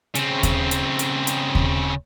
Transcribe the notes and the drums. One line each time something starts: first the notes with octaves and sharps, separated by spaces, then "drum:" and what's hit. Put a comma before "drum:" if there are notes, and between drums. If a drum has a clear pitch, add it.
C#3 C4, drum: hi-hat
drum: kick D#2, hi-hat
drum: hi-hat
drum: hi-hat
drum: hi-hat
drum: kick D#2